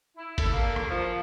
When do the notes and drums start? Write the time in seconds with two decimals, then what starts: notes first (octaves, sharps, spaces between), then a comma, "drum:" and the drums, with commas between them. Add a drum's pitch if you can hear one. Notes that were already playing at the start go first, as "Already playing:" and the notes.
0.17 E4
0.38 A4, drum: kick G1, cymbal
0.52 A#3
0.76 drum: rim click
0.90 F3